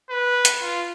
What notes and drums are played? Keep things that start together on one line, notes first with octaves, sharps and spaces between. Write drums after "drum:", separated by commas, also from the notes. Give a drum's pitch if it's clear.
B4
drum: hi-hat
F4